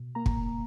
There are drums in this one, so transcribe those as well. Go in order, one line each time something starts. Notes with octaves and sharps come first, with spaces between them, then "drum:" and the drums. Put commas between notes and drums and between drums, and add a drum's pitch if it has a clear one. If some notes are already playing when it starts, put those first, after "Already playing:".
Already playing: B2
A#3 A#5
drum: kick